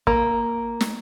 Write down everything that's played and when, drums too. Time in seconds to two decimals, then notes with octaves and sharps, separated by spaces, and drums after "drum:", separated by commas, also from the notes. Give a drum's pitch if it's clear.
0.07 A#3, drum: kick
0.81 drum: snare